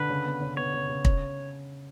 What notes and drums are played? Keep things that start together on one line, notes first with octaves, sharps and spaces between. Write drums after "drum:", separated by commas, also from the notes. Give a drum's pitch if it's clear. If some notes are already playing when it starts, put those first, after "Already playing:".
Already playing: D3 B4
C#3
B3
C#3
B3 C#5
C#3
C#3
C#4, drum: kick